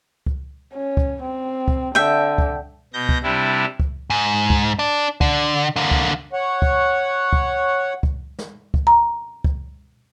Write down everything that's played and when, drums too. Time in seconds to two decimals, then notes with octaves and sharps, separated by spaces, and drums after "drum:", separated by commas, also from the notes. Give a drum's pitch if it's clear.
0.26 drum: kick C#2
0.74 C#4
0.97 drum: kick C#2
1.22 C4
1.68 drum: kick C#2
1.95 D3 E5 G5
2.38 drum: kick C#2
2.94 B2 G6 A#6
3.09 drum: kick C#2
3.23 C3 G3 D4 E4
3.80 drum: kick C#2
4.10 G#2
4.50 drum: kick C#2
4.79 D4
5.21 D3, drum: kick C#2
5.76 D3 A#3
5.91 drum: kick C#2
6.33 C#5 F#5
6.62 drum: kick C#2
7.33 drum: kick C#2
8.03 drum: kick C#2
8.39 drum: snare
8.74 drum: kick C#2
8.87 A#5
9.44 drum: kick C#2